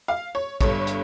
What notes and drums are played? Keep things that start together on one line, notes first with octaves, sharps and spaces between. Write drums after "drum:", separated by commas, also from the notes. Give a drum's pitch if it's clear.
F5
C#5
G1 G2 D3 C#5, drum: kick, hi-hat
drum: hi-hat